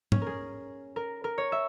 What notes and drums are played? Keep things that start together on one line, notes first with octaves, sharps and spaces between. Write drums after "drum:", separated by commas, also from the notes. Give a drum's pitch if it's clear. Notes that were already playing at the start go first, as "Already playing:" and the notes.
C#4, drum: tom
G#4 A#4
A#4
A#4
C#5
E5